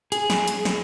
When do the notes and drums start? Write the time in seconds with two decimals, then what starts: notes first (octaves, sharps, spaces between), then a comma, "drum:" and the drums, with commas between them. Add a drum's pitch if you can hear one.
0.12 G#4, drum: hi-hat
0.30 drum: snare
0.48 drum: hi-hat
0.65 drum: snare